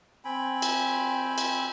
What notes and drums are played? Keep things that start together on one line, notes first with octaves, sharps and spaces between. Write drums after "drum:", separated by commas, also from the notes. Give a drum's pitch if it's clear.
C4 G5 G#5 B5
drum: cymbal
drum: cymbal